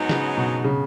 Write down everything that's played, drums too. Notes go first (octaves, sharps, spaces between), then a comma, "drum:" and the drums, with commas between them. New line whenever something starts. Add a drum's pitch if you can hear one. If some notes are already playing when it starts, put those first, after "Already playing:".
Already playing: G#2 F#3 B3 D#4
C#3, drum: snare
B2
C#3